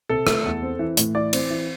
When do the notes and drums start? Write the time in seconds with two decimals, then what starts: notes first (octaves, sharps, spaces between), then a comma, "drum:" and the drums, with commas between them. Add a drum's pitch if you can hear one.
0.09 C3 A4
0.27 A3, drum: rim click
0.45 E2
0.63 C4
0.79 E3
0.97 A2, drum: hi-hat
1.15 E3 D5
1.33 C4, drum: cymbal
1.50 E3